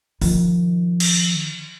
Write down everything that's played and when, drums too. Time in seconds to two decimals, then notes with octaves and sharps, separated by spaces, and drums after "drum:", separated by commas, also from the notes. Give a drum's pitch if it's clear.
0.22 D#3 F3, drum: open hi-hat
1.00 drum: cymbal